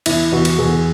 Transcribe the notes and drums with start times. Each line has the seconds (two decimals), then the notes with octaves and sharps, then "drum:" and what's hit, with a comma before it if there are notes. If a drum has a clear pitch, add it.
0.06 E2 E4, drum: cymbal
0.32 E2 F#4
0.45 drum: cymbal
0.59 E2 G#4